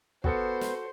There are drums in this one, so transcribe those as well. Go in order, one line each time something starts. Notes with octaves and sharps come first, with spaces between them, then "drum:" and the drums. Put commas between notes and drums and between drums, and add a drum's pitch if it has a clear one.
B3 F#4 A4 C5 C#7, drum: kick
drum: snare